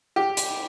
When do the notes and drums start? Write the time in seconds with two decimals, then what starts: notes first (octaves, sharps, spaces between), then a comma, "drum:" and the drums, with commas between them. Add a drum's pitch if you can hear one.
0.16 G4
0.37 drum: hi-hat